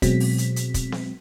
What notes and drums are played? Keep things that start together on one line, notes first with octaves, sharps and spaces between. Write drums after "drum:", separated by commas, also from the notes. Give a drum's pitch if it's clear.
B2 F#3 G#3 C4 B6, drum: kick, hi-hat
drum: open hi-hat
drum: hi-hat
drum: hi-hat
drum: kick, hi-hat
drum: snare B3